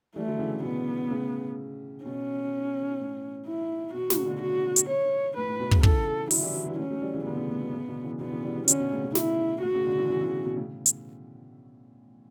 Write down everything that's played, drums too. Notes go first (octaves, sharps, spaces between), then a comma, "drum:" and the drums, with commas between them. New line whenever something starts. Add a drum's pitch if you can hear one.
E3 G3 A3
D3 F#3
C#3 E3
A2
B2 B3
A2 C#3
B2 C#4
A2
E4
B2 F#4
A2 C#3, drum: snare
B2 D3
F#4
drum: hi-hat
C#5
A2 B4
A2
B2
A2 C#3, drum: kick
C#3 E3 A4, drum: kick
D3 F#3 E4, drum: open hi-hat
E3 G3
D3 F#3
E3 G3
F#3 A3 C#4
F#3 A3
E3 G3
C#3 E3
B2 D3 B3
A2 C#3
A2
B2
A2 C#3
B2 D3
C#3 E3
B2 D3 B3
C#3 E3
E3 G3
E3 G3
D3 F#3 C#4, drum: hi-hat
B2 D3
A2 C#3
B2
E4, drum: snare
A2 F#4
A2 C#3
B2 D3
C#3 E3
C#3 E3
C#3 E3
B2
A2 C#3
drum: hi-hat